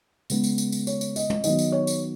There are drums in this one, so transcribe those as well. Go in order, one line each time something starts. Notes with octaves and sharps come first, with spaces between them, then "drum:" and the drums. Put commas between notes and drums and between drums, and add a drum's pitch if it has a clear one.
C#3 G#3 B3, drum: tambourine
drum: tambourine
drum: tambourine
drum: tambourine
C#5, drum: tambourine
drum: tambourine
D#5, drum: tambourine
drum: tom
D#3 F#3 B3 D#5, drum: tambourine
drum: tambourine
C#5
drum: tambourine